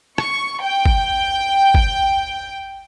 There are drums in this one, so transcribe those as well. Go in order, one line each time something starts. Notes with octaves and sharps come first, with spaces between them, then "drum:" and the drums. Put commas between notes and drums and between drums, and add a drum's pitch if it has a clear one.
C#6, drum: rim click
G5
drum: kick
drum: kick